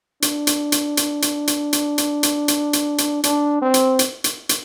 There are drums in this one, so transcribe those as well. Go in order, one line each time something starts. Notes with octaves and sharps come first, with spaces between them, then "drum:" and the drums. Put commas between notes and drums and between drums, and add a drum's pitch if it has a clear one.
D4, drum: hi-hat
drum: hi-hat
drum: hi-hat
drum: hi-hat
drum: hi-hat
drum: hi-hat
drum: hi-hat
drum: hi-hat
drum: hi-hat
drum: hi-hat
drum: hi-hat
drum: hi-hat
D4, drum: hi-hat
C4
drum: hi-hat
drum: hi-hat
drum: hi-hat
drum: hi-hat